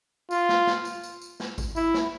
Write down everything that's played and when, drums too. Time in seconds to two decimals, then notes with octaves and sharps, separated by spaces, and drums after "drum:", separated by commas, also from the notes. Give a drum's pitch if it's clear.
0.31 F4, drum: tambourine
0.49 drum: snare
0.67 drum: snare
0.85 drum: tambourine
1.03 drum: tambourine
1.22 drum: tambourine
1.40 drum: snare
1.58 drum: kick G#1, tambourine
1.76 E4, drum: tambourine
1.94 drum: snare